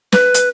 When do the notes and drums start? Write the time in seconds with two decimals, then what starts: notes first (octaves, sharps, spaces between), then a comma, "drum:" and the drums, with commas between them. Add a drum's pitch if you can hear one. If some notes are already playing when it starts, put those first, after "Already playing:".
0.12 B4, drum: snare
0.34 drum: hi-hat